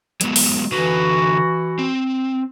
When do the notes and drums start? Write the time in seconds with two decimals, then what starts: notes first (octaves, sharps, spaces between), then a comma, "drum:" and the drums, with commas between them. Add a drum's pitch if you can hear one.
0.21 F#3 G#3 B3, drum: hi-hat
0.36 drum: open hi-hat
0.72 D3 E3 F#4 B4
1.79 C4